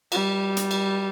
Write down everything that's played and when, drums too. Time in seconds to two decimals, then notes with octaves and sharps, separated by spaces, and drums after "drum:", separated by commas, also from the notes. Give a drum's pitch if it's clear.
0.12 G3, drum: cymbal
0.57 drum: hi-hat
0.71 drum: cymbal